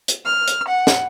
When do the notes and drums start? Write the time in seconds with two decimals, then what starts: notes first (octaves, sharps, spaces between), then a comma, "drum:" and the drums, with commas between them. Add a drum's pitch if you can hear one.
0.08 drum: hi-hat
0.25 F6
0.48 drum: hi-hat
0.67 F#5
0.87 drum: snare